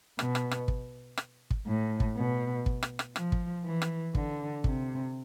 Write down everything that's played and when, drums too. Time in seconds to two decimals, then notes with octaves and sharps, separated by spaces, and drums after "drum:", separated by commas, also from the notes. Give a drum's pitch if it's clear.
0.19 B2, drum: rim click
0.35 drum: rim click
0.51 drum: rim click
0.68 drum: kick
1.17 drum: rim click
1.50 drum: kick
1.67 A2
2.00 drum: kick
2.17 B2
2.66 drum: kick
2.83 drum: rim click
2.99 drum: rim click
3.16 F3, drum: rim click
3.32 drum: kick
3.64 E3
3.82 drum: rim click
4.15 D3, drum: kick
4.64 C3, drum: kick